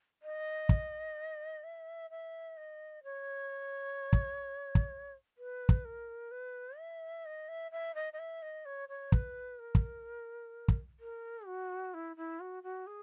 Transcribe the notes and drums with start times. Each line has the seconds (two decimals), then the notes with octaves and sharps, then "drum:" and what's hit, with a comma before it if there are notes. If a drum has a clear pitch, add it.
0.22 D#5
0.69 drum: kick
1.63 E5
2.10 E5
2.57 D#5
3.04 C#5
4.13 drum: kick
4.75 drum: kick
5.38 B4
5.69 drum: kick
5.85 A#4
6.31 B4
6.78 E5
7.26 D#5
7.48 E5
7.72 E5
7.95 D#5
8.13 D#5
8.19 E5
8.42 D#5
8.65 C#5
8.89 C#5
9.12 B4, drum: kick
9.59 A#4
9.75 drum: kick
10.68 drum: kick
11.00 A#4
11.47 F#4
11.94 E4
12.17 E4
12.40 F#4
12.63 F#4
12.87 G#4